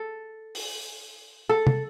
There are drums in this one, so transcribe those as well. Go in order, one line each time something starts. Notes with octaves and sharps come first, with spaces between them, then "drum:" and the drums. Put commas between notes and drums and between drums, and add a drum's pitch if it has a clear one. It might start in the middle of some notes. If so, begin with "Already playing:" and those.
Already playing: A4
drum: open hi-hat
A4
drum: tom